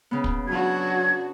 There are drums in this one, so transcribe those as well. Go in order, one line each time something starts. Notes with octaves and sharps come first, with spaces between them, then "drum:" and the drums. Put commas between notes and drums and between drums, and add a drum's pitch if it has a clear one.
C#3 B3
drum: kick
F#3 D4 F#4 G#6